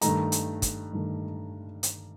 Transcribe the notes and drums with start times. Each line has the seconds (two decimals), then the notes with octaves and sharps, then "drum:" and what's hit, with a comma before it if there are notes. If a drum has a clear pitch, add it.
0.01 G2 D#3 A3 A#5, drum: hi-hat
0.32 drum: hi-hat
0.62 drum: kick, hi-hat
0.93 G2 D#3 A3
1.83 drum: hi-hat